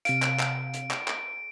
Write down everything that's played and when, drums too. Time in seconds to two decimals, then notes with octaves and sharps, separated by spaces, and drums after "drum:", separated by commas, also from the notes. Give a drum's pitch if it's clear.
0.05 C3 F5 D7, drum: hi-hat
0.22 drum: clap
0.39 drum: clap
0.74 drum: hi-hat
0.91 drum: clap
1.08 drum: clap